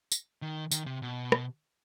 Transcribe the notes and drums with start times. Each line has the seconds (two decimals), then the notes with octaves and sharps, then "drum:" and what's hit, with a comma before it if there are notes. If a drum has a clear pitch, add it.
0.12 drum: tambourine
0.42 D#3
0.71 D#3, drum: tambourine
0.86 C3
1.02 B2
1.32 drum: rim click